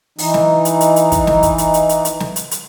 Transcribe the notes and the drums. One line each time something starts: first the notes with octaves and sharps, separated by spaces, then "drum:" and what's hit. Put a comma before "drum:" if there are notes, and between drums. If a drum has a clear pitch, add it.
E3 D#4, drum: open hi-hat
drum: snare
drum: hi-hat
drum: hi-hat
drum: hi-hat
drum: kick, hi-hat
drum: snare
drum: kick, hi-hat
drum: hi-hat
drum: hi-hat
drum: hi-hat
drum: hi-hat
drum: snare
drum: hi-hat
drum: hi-hat